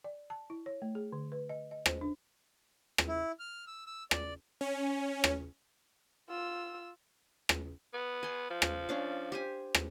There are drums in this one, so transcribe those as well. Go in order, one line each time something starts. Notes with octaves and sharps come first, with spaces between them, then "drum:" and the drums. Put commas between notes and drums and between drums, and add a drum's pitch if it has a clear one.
D5
A5
E4
C#5
A3
G#4
D3
B4
D#5
D#5
C5, drum: rim click
D4
drum: rim click
E4
F6
E6
E6
D5, drum: rim click
C#4
drum: rim click
F4 E6
drum: rim click
B3
G#5 C6
F3
drum: rim click
C#4 D4 F5
G4 C5 G#5
drum: rim click